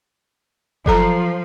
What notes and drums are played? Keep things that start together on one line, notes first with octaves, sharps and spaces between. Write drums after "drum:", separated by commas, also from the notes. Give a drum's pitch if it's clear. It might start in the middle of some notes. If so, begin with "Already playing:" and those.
F3 F#3 A4 A#5, drum: kick F#1